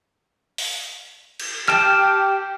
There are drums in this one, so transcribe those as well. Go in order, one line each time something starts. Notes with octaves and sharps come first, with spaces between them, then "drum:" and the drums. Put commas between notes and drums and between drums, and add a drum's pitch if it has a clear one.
drum: open hi-hat
drum: cymbal
G4 G5 A5 F6, drum: clap